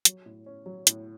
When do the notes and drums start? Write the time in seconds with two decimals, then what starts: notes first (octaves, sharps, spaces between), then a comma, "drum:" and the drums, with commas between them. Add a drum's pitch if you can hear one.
0.05 F#3, drum: hi-hat
0.26 A2
0.46 C#4
0.66 F#3
0.87 A2, drum: hi-hat